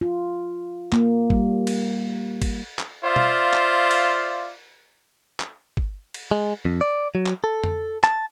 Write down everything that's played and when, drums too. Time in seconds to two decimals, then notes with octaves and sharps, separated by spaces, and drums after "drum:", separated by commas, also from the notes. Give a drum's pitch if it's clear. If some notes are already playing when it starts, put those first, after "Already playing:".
0.01 F4
0.92 A#3, drum: clap
1.30 G3, drum: kick
1.67 drum: cymbal
2.42 drum: kick, cymbal
2.79 drum: clap
3.04 F4 C5 D5 E5 F5
3.16 drum: tom
3.53 drum: clap
3.91 drum: cymbal
5.40 drum: clap
5.77 drum: kick
6.14 drum: cymbal
6.31 G#3
6.65 F2
6.81 D5
7.15 F#3
7.26 drum: clap
7.44 A4
7.64 drum: tom F2
8.04 A5, drum: clap